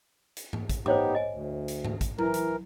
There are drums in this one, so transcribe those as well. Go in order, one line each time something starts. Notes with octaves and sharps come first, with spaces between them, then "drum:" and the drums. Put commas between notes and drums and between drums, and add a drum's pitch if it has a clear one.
drum: hi-hat
drum: tom G#2
drum: kick, hi-hat
B3 D#4 G4 C5 C#5 D6, drum: tom G#2
D#5 G#5
D2
drum: hi-hat
drum: tom G#2
drum: kick, hi-hat
E3 E4 A#4, drum: tom F#3
drum: hi-hat